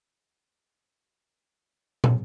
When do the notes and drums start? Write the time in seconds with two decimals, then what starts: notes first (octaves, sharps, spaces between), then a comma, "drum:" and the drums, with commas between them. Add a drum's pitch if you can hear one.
0.15 G#2
0.45 G#2
0.73 G#2
1.03 F#2
2.04 drum: tom